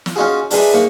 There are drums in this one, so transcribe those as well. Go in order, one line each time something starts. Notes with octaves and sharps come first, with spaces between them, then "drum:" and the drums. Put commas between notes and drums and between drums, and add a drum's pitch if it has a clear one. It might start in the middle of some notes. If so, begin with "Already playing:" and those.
drum: snare
C#4 D#4 F4 F#4 G#4
E3 G#3 D4, drum: open hi-hat
G#2 A#3 C#6